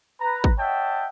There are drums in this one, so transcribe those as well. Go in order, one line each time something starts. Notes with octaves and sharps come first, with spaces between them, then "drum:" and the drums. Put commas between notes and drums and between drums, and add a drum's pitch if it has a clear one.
B4 A#5
drum: kick
C#5 D#5 E5 F#5 G5 A5